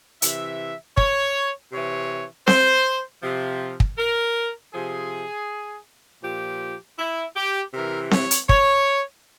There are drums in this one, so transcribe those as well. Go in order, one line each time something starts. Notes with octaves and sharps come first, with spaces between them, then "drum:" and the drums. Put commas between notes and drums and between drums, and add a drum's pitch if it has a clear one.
C3 E3 E5, drum: hi-hat
C#5, drum: kick
C3 E3 C#5
C5, drum: snare C4
C3 F3
drum: kick
A#4
C3 F3 G#4
A#2 F3 G4
E4
G4
C3 E3 A#4
C#5, drum: snare C4
drum: hi-hat
C#5, drum: kick